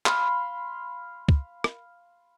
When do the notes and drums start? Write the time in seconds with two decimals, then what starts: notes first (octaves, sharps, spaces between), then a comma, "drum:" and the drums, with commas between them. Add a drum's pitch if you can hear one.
0.06 F5 B5 C6, drum: clap
1.29 drum: kick
1.64 drum: rim click